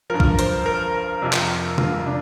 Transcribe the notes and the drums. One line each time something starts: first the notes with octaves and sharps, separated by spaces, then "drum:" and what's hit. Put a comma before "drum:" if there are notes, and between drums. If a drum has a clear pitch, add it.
G2 F3 A#4
drum: kick
C5, drum: hi-hat
A#4
F2 C3 F3
drum: clap
F4, drum: tom C3
D4